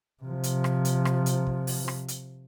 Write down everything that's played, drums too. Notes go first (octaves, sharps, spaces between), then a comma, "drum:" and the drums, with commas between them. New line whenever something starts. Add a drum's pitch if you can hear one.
C3 F3
drum: hi-hat
drum: rim click
drum: hi-hat
drum: rim click
drum: hi-hat
drum: kick
drum: open hi-hat
drum: rim click
drum: hi-hat